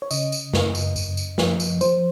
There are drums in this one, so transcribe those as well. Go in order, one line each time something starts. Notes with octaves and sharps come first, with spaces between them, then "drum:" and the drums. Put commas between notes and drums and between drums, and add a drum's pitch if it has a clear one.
C#5
C#3 D#5, drum: tambourine
drum: tambourine
F#2, drum: snare
drum: tambourine
F#2, drum: tambourine
drum: tambourine
F3, drum: snare
drum: tambourine
F3 C5, drum: tambourine